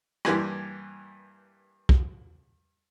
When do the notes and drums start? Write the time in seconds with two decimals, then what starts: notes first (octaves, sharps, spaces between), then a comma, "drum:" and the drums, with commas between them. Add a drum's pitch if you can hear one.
0.25 G2 E3 A#3 G4 G#5 C6, drum: rim click
1.89 drum: kick